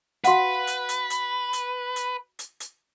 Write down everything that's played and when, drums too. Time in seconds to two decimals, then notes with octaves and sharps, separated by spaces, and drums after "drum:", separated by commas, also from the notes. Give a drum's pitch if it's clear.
0.24 F#4 B4 F5 F#5, drum: hi-hat
0.67 drum: hi-hat
0.89 drum: hi-hat
1.10 drum: hi-hat
1.53 drum: hi-hat
1.96 drum: hi-hat
2.39 drum: hi-hat
2.60 drum: hi-hat